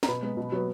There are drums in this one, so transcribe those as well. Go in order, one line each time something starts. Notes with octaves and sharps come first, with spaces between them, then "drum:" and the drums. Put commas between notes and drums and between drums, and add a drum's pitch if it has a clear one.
A#5, drum: snare
B2 B4 B5
G#3 B3
B2
F#3 B3